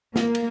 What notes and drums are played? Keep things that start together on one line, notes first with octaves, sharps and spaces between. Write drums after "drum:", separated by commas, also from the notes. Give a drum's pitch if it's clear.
A#3, drum: snare
drum: cymbal